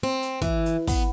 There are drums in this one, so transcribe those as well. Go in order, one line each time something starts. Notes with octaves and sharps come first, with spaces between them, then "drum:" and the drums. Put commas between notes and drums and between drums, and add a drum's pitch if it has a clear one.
C4
drum: hi-hat
E3, drum: kick, hi-hat
drum: hi-hat
B3, drum: kick, open hi-hat